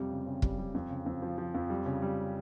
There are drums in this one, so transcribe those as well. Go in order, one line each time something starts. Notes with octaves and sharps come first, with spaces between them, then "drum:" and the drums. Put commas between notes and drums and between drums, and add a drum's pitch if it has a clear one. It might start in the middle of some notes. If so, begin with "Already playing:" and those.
Already playing: F2 C3 G3
C#3
C#3
G3, drum: kick
G3
F2
C#3
F2
F3
F3
F2
G3
C#3
G3